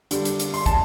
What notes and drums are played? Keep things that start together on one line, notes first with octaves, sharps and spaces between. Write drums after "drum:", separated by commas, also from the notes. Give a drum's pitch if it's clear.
D3 G3, drum: hi-hat
drum: hi-hat
drum: hi-hat
C6, drum: open hi-hat
A5, drum: kick, hi-hat